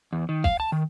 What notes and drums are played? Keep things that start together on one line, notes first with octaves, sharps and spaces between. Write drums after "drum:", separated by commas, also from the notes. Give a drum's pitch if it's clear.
E2
D#3
F5, drum: kick
A5
D#3